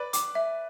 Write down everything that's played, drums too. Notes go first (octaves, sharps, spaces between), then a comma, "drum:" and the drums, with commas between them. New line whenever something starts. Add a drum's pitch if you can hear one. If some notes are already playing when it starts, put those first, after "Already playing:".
Already playing: B4 D5
D6, drum: hi-hat
E5